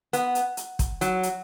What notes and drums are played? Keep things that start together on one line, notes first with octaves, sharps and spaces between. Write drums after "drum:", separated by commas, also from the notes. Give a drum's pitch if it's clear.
B3, drum: hi-hat
drum: hi-hat
drum: hi-hat
drum: kick, hi-hat
F#3, drum: hi-hat
drum: hi-hat